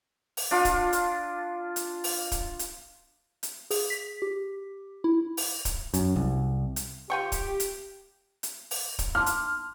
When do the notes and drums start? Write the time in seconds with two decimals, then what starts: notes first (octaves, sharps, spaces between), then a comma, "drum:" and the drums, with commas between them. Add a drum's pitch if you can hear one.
0.37 drum: open hi-hat
0.51 D4 F4
0.65 drum: kick, hi-hat
0.93 drum: hi-hat
1.76 drum: hi-hat
2.04 drum: open hi-hat
2.32 drum: kick, hi-hat
2.59 drum: hi-hat
3.43 drum: hi-hat
3.71 G#4, drum: open hi-hat
3.90 B6
4.22 G4
5.04 E4
5.37 drum: open hi-hat
5.65 drum: kick, hi-hat
5.94 F#2, drum: hi-hat
6.16 C2
6.76 drum: hi-hat
7.10 F4 G4 G5 C#6
7.32 drum: kick, hi-hat
7.60 drum: hi-hat
8.43 drum: hi-hat
8.71 drum: open hi-hat
8.99 drum: kick, hi-hat
9.15 A5 C6 D6 F6
9.26 drum: hi-hat